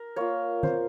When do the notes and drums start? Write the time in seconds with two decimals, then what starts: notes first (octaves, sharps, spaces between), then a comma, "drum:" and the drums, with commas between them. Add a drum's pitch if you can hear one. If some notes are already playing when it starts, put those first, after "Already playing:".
Already playing: A#4
0.16 A#3 F4 C#5
0.63 C5, drum: tom